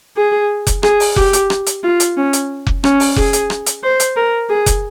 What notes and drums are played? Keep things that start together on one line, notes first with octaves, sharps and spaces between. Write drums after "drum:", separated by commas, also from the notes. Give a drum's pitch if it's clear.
G#4
drum: kick F1, hi-hat
G#4, drum: rim click
drum: open hi-hat
G4, drum: kick F1
drum: hi-hat
drum: rim click
drum: hi-hat
F4
drum: hi-hat
C#4
drum: hi-hat
drum: kick F1
C#4, drum: rim click
drum: open hi-hat
G#4, drum: kick F1
drum: hi-hat
drum: rim click
drum: hi-hat
C5
drum: hi-hat
A#4
G#4
drum: kick F1, hi-hat